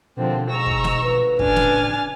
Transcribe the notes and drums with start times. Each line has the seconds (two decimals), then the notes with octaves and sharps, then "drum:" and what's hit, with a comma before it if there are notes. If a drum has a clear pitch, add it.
0.17 D#2 B2 D3 F3 C4
0.50 G#2 A#5 C#6 E6
0.66 drum: kick
0.84 drum: snare
1.02 D2 F3 B4
1.39 A2 C#3 D4 G#5 F6 A6, drum: kick
1.56 drum: snare